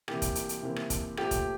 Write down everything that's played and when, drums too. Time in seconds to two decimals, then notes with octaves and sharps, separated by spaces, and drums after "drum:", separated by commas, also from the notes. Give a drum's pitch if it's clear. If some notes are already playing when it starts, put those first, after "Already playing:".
0.08 C3 E3 A#3 G4, drum: rim click
0.22 drum: kick F1, hi-hat
0.35 drum: hi-hat
0.49 drum: hi-hat
0.63 C3 E3 A#3
0.76 drum: rim click
0.90 drum: kick F1, hi-hat
1.17 A#2 F3 A3 G4, drum: rim click
1.31 drum: kick F1, hi-hat